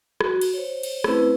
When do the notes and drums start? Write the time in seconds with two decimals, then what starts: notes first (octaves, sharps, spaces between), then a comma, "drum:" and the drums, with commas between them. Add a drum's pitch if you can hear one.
0.21 F#4, drum: rim click
0.41 drum: cymbal
0.54 C5 C#5
0.83 drum: cymbal
1.04 A3 C4 C#4 E4 B4 C5, drum: rim click